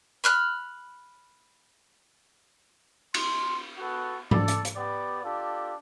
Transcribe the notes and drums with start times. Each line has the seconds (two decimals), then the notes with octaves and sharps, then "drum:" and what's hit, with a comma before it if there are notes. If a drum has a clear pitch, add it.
0.24 B5 F6 F#6
3.14 C6, drum: cymbal
3.78 B3 F#4 A4 F#5
4.31 A4 D5, drum: tom G#2
4.48 drum: hi-hat
4.65 drum: hi-hat
4.75 B3 G4 D5
5.24 D4 F4 G4 A4